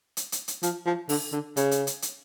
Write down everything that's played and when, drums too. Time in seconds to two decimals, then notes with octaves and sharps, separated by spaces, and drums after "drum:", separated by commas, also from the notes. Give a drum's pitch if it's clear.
0.17 drum: hi-hat
0.32 drum: hi-hat
0.48 drum: hi-hat
0.63 F3, drum: hi-hat
0.86 F3
1.09 D3, drum: open hi-hat
1.32 D3
1.57 C#3, drum: hi-hat
1.71 drum: hi-hat
1.87 drum: hi-hat
2.02 drum: hi-hat